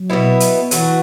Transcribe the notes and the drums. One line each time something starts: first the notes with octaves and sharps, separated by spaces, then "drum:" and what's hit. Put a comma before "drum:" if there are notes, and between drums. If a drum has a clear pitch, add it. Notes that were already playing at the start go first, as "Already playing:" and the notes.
Already playing: F#3
B2 B3 E4
drum: hi-hat
E3 F#3 A3 F#4, drum: hi-hat